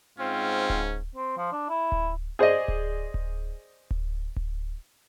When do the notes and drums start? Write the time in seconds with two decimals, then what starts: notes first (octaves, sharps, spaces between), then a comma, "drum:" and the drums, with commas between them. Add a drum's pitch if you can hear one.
0.18 G#2 C4 C#4 F4
0.70 drum: kick D1
1.15 C4
1.38 F3
1.52 D4
1.70 E4
1.92 drum: kick D1
2.39 G#4 C5 D5 D#5
2.68 drum: kick D1
3.14 drum: kick D1
3.91 drum: kick D1
4.36 drum: kick D1